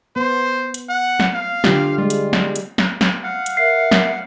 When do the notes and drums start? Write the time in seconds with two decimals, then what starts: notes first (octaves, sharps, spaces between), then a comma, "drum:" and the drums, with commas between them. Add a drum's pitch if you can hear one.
0.16 B3 C5
0.74 drum: hi-hat
0.89 F#5
1.20 drum: snare
1.35 F5
1.64 D3 F4 G4, drum: snare
1.98 G3 G#3 F4
2.10 drum: hi-hat
2.33 drum: snare
2.56 drum: hi-hat
2.78 drum: snare
3.01 drum: snare
3.24 F5 F#5
3.46 drum: hi-hat
3.57 A#4 E5 C7
3.91 drum: snare